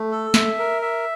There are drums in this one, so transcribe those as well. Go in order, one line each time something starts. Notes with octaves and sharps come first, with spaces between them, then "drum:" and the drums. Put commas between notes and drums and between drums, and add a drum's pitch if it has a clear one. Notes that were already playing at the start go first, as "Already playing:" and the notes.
Already playing: A3
A4
E5, drum: snare
A#4
E5